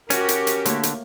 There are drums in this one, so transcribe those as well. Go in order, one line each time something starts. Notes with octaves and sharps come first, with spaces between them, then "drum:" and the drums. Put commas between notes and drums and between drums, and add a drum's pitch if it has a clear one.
C#4 F#4 G4 A#4, drum: hi-hat
drum: hi-hat
drum: hi-hat
D3 A3 A#3 C#5, drum: hi-hat
drum: hi-hat